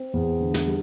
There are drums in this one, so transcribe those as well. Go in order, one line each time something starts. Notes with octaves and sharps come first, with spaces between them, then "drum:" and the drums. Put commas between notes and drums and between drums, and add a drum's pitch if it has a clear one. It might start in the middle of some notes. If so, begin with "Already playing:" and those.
Already playing: C4
E2
D3
drum: snare
G3